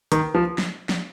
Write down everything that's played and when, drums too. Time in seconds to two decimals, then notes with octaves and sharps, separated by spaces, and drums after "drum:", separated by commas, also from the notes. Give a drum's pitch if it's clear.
0.12 D#3, drum: hi-hat
0.35 F3
0.58 drum: snare
0.89 drum: snare